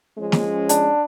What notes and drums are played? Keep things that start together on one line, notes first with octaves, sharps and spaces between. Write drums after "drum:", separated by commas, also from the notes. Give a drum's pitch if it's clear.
F3 G#3 C#4
drum: snare
D4, drum: hi-hat